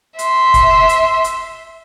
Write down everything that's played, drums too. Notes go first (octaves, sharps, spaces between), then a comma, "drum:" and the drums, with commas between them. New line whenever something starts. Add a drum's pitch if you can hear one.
E5 C6, drum: hi-hat
drum: kick F1, hi-hat
drum: hi-hat
drum: hi-hat